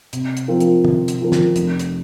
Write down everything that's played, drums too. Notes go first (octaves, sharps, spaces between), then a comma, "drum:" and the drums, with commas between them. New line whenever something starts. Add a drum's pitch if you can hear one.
C3, drum: hi-hat
drum: hi-hat
F3 C4 F4 A#4
drum: hi-hat
C3, drum: tom
drum: hi-hat
F3 C4 F4 A#4
drum: snare
F1, drum: hi-hat
drum: hi-hat